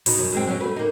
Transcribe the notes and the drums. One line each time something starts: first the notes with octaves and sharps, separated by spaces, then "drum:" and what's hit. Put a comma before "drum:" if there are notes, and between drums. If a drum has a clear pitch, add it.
B2 D#4, drum: open hi-hat
F#2
F#2 G#3 C4
F#3 C#4
A3 B4
A#3 D#4